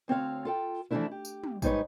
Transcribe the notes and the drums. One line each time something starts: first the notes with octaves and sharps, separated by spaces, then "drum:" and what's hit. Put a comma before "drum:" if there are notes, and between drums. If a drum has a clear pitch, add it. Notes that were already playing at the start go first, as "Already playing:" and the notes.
D2 C4 C#5 F5
F4 A4 G5
E3 F3 G#3 A3 D4 E4
G4
drum: tambourine
drum: tom
G#2 G3 D#4 E4 B4 C#5, drum: kick, tambourine